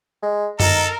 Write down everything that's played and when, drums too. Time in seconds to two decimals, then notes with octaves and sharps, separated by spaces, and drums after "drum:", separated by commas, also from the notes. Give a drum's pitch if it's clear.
0.22 G#3
0.60 D#4 A4 A#4, drum: tom F#2